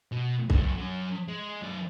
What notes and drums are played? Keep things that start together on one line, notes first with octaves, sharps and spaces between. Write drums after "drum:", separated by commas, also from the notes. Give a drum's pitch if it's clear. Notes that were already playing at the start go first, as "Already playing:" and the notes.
B2
F#2 A3, drum: kick
F#3 C#4
G#3
F#2 D5